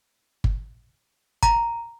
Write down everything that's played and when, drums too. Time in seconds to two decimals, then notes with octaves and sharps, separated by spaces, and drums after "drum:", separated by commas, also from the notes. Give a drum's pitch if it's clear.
0.44 drum: kick G1
1.43 A#5, drum: kick G1